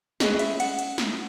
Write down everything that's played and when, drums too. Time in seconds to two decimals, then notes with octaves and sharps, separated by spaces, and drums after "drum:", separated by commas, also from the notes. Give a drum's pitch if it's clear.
0.20 C#4 G#4 B4 D#5, drum: snare
0.34 D#5
0.39 E5, drum: cymbal
0.60 F#5, drum: cymbal
0.79 drum: cymbal
0.98 drum: snare